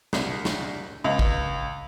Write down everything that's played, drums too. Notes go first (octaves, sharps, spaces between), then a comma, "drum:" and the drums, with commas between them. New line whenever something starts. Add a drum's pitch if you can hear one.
C2, drum: snare
drum: snare
C#2
drum: kick